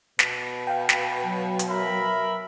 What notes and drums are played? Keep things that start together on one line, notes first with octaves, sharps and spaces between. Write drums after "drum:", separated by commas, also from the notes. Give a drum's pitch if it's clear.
B2, drum: snare
F5 G5
drum: snare
F#3
drum: hi-hat
A#4 E5 B5